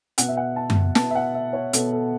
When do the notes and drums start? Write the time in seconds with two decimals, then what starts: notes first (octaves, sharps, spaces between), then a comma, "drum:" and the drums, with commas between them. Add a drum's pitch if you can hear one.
0.18 B2 B3 F#5, drum: hi-hat
0.28 E5
0.37 F#5
0.56 A5
0.70 drum: tom F#2
0.95 B2 B3 A5, drum: snare
1.10 E5
1.15 F#5
1.34 E5
1.53 C#5
1.73 B2 B3 A4, drum: hi-hat
1.93 A4